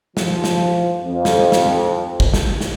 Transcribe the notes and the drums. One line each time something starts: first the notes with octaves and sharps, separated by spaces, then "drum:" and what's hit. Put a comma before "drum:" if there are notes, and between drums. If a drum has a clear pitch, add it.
F3, drum: snare
drum: snare
F2
drum: snare
drum: snare
drum: kick
drum: snare
drum: snare